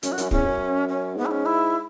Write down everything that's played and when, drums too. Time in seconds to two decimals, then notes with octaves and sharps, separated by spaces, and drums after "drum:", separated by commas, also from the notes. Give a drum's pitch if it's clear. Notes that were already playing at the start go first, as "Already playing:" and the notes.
0.03 F#2 C#4, drum: hi-hat
0.12 F#4
0.18 F#2 C#4, drum: hi-hat
0.31 E2 C#4, drum: kick
0.46 F#2
0.89 C#4
1.17 G#2 B3
1.26 E4
1.31 C#4
1.46 E4